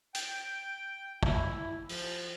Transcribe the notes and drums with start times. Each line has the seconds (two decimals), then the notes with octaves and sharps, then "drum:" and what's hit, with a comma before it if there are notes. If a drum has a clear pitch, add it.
0.15 G5, drum: hi-hat
1.23 E4, drum: kick
1.89 F3, drum: open hi-hat